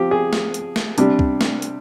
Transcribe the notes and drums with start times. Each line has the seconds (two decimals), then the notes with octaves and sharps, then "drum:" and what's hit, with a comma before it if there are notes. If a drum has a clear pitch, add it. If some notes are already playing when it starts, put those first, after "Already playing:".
Already playing: F3 C4 G4
0.11 G#4
0.33 drum: snare
0.54 drum: hi-hat
0.76 drum: snare
0.98 C3 G3 D4, drum: hi-hat
1.19 drum: kick
1.41 drum: snare
1.62 drum: hi-hat